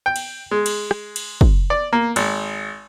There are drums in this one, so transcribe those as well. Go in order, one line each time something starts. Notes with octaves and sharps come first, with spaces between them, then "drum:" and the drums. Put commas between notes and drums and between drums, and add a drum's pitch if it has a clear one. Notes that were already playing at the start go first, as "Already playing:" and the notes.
G5
drum: cymbal
G#3
drum: cymbal
drum: rim click
drum: cymbal
drum: kick
D5
A#3
G#1, drum: cymbal